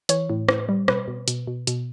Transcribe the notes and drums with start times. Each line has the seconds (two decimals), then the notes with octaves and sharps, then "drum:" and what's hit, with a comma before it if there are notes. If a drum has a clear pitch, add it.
0.09 E3 C#5, drum: hi-hat
0.30 A2
0.49 A2, drum: rim click
0.69 G3
0.88 B2 B4, drum: rim click
1.08 B2
1.28 B2, drum: hi-hat
1.47 B2
1.67 B2, drum: hi-hat